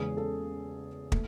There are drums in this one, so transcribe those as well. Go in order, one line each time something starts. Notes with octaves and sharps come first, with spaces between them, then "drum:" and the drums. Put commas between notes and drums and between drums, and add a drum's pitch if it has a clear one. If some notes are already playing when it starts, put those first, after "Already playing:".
Already playing: E2 C#3 G#3 C#4 G#4
A4
A3, drum: kick